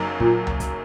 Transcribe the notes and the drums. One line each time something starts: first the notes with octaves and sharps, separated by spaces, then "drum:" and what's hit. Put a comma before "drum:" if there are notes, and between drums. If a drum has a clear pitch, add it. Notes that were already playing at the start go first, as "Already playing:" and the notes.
Already playing: F#1 F#2 F#3 A#3 D#4
A#2, drum: kick
drum: tom C#2
drum: kick, hi-hat